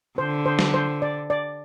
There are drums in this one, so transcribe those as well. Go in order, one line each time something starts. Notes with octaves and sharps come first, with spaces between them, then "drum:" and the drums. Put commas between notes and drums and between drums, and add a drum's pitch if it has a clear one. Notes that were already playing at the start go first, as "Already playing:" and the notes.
D3 C5
C5
drum: snare
C5
D5
D5